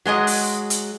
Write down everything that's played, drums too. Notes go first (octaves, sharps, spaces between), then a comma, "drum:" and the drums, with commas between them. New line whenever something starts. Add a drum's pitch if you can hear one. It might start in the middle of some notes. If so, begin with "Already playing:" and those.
F#3 G#3 G#4 D#5
drum: open hi-hat
drum: hi-hat